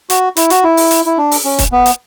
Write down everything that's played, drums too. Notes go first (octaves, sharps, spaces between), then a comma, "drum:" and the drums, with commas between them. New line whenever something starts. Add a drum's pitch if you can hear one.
F#4, drum: hi-hat
E4, drum: hi-hat
F#4, drum: hi-hat
E4
drum: open hi-hat
drum: hi-hat
E4
D4
drum: open hi-hat
C#4
drum: kick, hi-hat
B3
drum: hi-hat